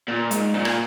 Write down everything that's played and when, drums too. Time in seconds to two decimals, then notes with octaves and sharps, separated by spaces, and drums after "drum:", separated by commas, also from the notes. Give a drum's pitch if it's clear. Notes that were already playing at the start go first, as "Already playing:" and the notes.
0.08 A#2
0.31 G#2, drum: hi-hat
0.54 A#2
0.65 drum: rim click